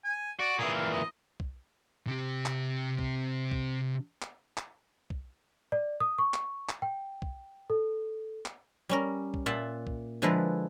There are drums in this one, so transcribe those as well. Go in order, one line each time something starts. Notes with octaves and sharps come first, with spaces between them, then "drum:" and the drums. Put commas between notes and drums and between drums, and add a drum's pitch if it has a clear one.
G#5
F#4 D5
A#2 E3 G#4
F5
D#5
drum: kick
C3 G4
drum: clap
drum: kick
drum: kick
drum: clap
drum: clap
drum: kick
D5
D#6
C#6
drum: clap
drum: clap
G5
drum: kick
A4
drum: clap
G3 C#4 A#4
drum: kick
A#2 F4 E5 F#5 A5
drum: kick
D3 F3 G#3 E4 A#4 B4